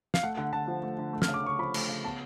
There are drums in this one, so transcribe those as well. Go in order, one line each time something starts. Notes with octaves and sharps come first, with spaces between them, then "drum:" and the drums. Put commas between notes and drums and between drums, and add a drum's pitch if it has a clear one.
F5, drum: snare
A3 F#5
D3 F#5
D3 A5
F3
A3
D3
A3
F6, drum: snare
C#3
D6
C#3 C#6
F3 B5
A3, drum: cymbal
C#3
B3 A5